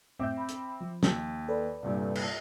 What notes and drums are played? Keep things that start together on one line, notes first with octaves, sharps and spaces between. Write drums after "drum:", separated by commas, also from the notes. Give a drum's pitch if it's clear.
F#2 A2 C4 E5 D6 G6
B5
drum: hi-hat
F3
D#2, drum: snare
A4 B4 D5
C2 G2 A#2
drum: cymbal